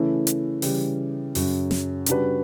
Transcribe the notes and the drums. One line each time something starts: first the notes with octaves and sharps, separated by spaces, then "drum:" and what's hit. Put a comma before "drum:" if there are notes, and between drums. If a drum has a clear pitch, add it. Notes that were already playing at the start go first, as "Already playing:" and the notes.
Already playing: C#3 E3 A3 C#4 E4
drum: hi-hat
C#3 E3 G3, drum: open hi-hat
F#2 C#3 F#3, drum: open hi-hat
drum: snare
C#3 G3 D4 F#4 B4, drum: hi-hat